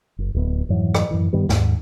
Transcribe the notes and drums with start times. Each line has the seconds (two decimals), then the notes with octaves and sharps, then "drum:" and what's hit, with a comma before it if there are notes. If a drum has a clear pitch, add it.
0.18 F#1
0.34 D1 B3
0.69 F2 G#2 E3 F#3
0.95 drum: rim click
1.11 F#2 A2 E3
1.33 G2 D#3 G3 B3
1.49 D#2 G#2, drum: snare